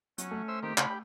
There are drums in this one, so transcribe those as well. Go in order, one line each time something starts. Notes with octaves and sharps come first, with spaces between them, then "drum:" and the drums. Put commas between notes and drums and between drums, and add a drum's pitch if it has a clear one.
F#3 C#4, drum: hi-hat
A3
C5 E5 E6
D#3 A#3 C4 G4
C#3 C5 B5, drum: clap
G4